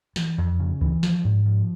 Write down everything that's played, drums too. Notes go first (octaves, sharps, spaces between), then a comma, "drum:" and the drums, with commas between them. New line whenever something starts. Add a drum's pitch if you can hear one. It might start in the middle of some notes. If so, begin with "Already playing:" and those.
E3, drum: snare
F2
C#3
E3, drum: kick D2
F3, drum: snare
G#2
F3